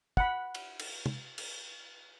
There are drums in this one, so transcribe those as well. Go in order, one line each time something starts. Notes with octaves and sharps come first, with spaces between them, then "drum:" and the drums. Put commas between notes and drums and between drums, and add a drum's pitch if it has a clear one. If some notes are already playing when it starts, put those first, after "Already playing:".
F#5 B5, drum: kick
drum: cymbal
drum: cymbal
drum: tom
drum: cymbal